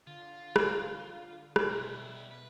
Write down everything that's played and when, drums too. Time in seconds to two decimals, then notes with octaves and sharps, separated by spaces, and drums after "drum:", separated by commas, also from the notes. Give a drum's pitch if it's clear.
0.07 D3 F4
0.56 drum: rim click
1.56 drum: rim click
1.70 B2 G3 E4
2.31 B4